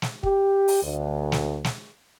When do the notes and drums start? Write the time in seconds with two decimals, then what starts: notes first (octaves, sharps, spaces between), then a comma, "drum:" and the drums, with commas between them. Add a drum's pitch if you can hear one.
0.02 drum: snare
0.23 G4, drum: kick
0.68 drum: open hi-hat
0.83 D2
1.32 drum: snare
1.64 drum: snare